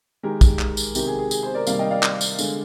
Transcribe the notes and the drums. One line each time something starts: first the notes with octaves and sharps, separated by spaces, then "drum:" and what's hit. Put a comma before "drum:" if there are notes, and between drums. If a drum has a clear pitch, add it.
D#3 G#3 G4 A#4
drum: kick, tambourine
drum: clap
drum: tambourine
C3 D#3 G#3 G4, drum: tambourine
G#4
G#4
G#4, drum: tambourine
G#4 C5
A#4 D5
C3 D#3 G3 A#3 D5 F5, drum: tambourine
D#5 G5
D5 F5
drum: clap
drum: tambourine
D3 G#3, drum: tambourine